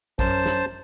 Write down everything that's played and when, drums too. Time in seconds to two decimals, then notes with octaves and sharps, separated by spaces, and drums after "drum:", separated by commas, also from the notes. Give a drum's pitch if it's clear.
0.19 F#2 C5 A5, drum: kick A1
0.46 drum: snare